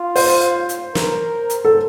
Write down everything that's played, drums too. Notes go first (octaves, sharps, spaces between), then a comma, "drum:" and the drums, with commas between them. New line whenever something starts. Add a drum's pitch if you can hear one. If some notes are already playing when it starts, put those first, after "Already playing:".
Already playing: F4
C5, drum: open hi-hat
drum: hi-hat
A#4, drum: snare
drum: hi-hat
A4